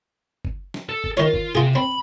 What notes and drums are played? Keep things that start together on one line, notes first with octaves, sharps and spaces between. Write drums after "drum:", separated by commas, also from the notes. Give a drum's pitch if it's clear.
drum: kick F#1
drum: snare
A4
drum: kick F#1
D#3 F4 C#5
drum: kick F#1
C3 F4 G#4
C4 B5